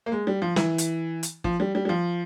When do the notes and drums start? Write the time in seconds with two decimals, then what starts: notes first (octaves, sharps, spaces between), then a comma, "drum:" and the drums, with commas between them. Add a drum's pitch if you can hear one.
0.06 A#3
0.12 G#3
0.27 G3
0.42 F3
0.56 E3, drum: snare
0.78 drum: hi-hat
1.23 drum: hi-hat
1.44 F3, drum: kick
1.60 G3
1.75 G3
1.85 G3
1.89 F3